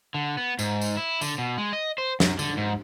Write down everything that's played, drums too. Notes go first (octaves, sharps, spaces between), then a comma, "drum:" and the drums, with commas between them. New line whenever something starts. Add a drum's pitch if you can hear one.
D3
B3
G#2, drum: tambourine
drum: tambourine
E4
D3, drum: tambourine
B2
G#3
D#5
C5
F#2, drum: snare
D3, drum: tambourine
G#2